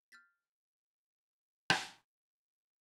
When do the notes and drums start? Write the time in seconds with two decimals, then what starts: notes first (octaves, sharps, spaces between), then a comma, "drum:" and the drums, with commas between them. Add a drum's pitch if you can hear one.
0.12 F6 G6 A6 B6
1.70 drum: rim click